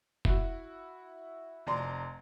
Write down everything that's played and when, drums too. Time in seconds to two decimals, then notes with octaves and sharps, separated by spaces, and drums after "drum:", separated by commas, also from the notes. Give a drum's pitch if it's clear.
0.25 E4 F#4, drum: kick F1
1.67 F1 D5 A#5 C6